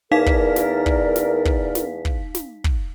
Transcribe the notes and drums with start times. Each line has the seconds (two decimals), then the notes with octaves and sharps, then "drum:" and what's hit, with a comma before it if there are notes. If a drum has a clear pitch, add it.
0.12 E2 D#4 A#4 D5 F5 B6
0.26 drum: kick
0.56 drum: snare
0.86 drum: kick
1.16 drum: snare
1.45 drum: kick
1.75 drum: snare
2.05 drum: kick
2.35 drum: snare
2.64 drum: kick